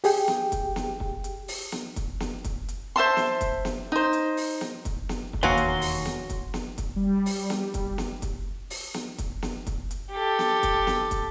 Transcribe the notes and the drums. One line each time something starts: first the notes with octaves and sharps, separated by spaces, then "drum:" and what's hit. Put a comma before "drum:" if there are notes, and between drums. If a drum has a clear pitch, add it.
G4 G#4 G5, drum: open hi-hat
drum: snare
drum: kick, hi-hat
drum: snare
drum: kick
drum: hi-hat
drum: open hi-hat
drum: snare
drum: kick, hi-hat
drum: snare
drum: kick, hi-hat
drum: hi-hat
C5 E5 A5 C6
drum: snare
drum: kick, hi-hat
drum: snare
D#4 C5
drum: hi-hat
drum: open hi-hat
drum: snare
drum: kick, hi-hat
drum: snare
drum: kick
E1 D#2 F#3 A#3 F#4 F5 G#5 C6
drum: hi-hat
drum: open hi-hat
drum: snare
drum: kick, hi-hat
drum: snare
drum: kick, hi-hat
G3
drum: open hi-hat
drum: snare
drum: kick, hi-hat
drum: snare
drum: kick, hi-hat
drum: open hi-hat
drum: snare
drum: kick, hi-hat
drum: snare
drum: kick, hi-hat
drum: hi-hat
G4 A4
drum: snare
drum: kick, hi-hat
drum: snare
drum: kick, hi-hat